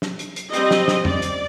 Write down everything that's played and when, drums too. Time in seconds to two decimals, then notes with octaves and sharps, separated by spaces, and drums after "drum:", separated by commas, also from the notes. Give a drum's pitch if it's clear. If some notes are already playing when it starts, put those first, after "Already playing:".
0.02 drum: snare
0.19 drum: hi-hat
0.36 drum: hi-hat
0.53 G3 C4 D#5, drum: hi-hat
0.71 drum: snare
0.88 drum: snare
1.05 D5, drum: tom F2
1.22 drum: hi-hat